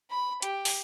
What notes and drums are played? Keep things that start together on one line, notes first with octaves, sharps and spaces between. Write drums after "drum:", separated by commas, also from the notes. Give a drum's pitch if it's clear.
B5
G4, drum: hi-hat
drum: open hi-hat